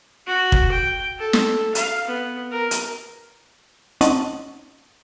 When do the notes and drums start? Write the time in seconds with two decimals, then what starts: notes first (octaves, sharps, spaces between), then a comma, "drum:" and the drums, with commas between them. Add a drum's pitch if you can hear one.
0.27 F#4
0.52 drum: kick
0.72 G5
1.19 A4
1.33 drum: snare
1.75 F5, drum: hi-hat
2.08 B3
2.52 A#4
2.71 drum: hi-hat
4.01 C4 C#4 D#4 D#5 F#5 A5, drum: hi-hat